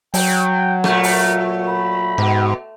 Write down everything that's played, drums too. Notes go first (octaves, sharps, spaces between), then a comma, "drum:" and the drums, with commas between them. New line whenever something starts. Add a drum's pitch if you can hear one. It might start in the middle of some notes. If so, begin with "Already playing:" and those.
F#3 G5, drum: open hi-hat
A#2 A3 A#4, drum: rim click
drum: open hi-hat
B5
G#2 B2